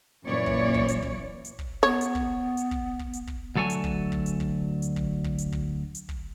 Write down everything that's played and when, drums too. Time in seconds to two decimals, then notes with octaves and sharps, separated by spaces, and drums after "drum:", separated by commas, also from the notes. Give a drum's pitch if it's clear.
0.25 F#2 A#2 E3 C#5 D5
0.46 drum: kick
0.74 drum: kick
0.88 drum: hi-hat
1.02 drum: kick
1.45 drum: hi-hat
1.59 drum: kick
1.83 B3 C#5
2.01 drum: hi-hat
2.15 drum: kick
2.57 drum: hi-hat
2.71 drum: kick
2.99 drum: kick
3.13 drum: hi-hat
3.27 drum: kick
3.56 D2 F#3 A4 C#5 G#5
3.70 drum: hi-hat
3.84 drum: kick
4.12 drum: kick
4.26 drum: hi-hat
4.40 drum: kick
4.82 drum: hi-hat
4.96 drum: kick
5.24 drum: kick
5.38 drum: hi-hat
5.52 drum: kick
5.95 drum: hi-hat
6.09 drum: kick